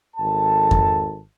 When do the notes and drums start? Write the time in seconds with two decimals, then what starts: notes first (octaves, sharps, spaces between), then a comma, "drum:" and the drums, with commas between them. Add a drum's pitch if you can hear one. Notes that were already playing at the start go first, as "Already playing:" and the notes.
0.17 G#1 A4 A5
0.71 drum: kick F2